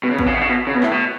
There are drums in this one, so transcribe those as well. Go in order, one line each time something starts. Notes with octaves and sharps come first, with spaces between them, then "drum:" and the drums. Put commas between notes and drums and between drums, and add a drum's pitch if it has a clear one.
B2
C#3
B2, drum: kick
C#3
B2
C#3
B2
C#3
B2
A2, drum: clap
B2